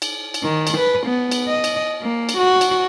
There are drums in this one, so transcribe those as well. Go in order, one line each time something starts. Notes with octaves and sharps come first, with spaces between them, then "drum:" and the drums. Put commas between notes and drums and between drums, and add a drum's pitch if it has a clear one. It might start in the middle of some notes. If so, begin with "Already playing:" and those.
drum: cymbal
drum: cymbal
D#3
drum: cymbal
B4
B3
drum: cymbal
D#5
drum: cymbal
A#3
drum: cymbal
F#4
drum: cymbal